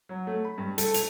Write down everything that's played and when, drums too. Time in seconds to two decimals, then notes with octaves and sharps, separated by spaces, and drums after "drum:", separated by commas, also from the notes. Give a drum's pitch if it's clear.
0.09 F#3
0.27 A3
0.45 B5
0.58 G2
0.78 A4, drum: hi-hat
0.94 F7, drum: hi-hat